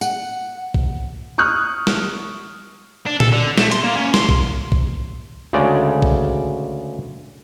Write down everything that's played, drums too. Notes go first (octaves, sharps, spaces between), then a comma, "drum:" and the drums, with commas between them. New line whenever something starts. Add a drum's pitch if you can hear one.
F#5, drum: tambourine
drum: kick
C#6 D#6 F6 F#6
drum: snare
D4
A4, drum: tom A#2
D3
A3, drum: snare
C6, drum: hi-hat
A#3
C#4
C6, drum: snare
drum: kick
drum: kick
D2 C#3 G#3 D5
drum: kick